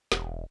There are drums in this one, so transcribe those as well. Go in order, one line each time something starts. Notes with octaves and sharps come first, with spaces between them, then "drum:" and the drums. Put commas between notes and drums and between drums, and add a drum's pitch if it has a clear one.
E1, drum: snare